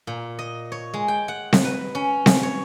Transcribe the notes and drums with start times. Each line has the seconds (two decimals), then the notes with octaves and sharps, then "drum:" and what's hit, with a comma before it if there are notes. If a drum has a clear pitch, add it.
0.07 A#2
0.39 D#5
0.72 C#5
0.94 G#3
1.08 G5
1.28 F#5
1.53 drum: snare C4
1.64 B4
1.95 C#4
2.26 drum: snare C4
2.43 C#5